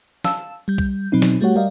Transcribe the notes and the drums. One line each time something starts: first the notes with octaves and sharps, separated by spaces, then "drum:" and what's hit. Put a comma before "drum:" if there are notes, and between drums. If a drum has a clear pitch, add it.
F5 A5 E6, drum: snare
G3 G6
drum: kick B1
B2 F#3 C4 D#4
drum: snare
G3 A3 F#4 G4 C#5 F#5
G3 A#4 D5 D#5 F5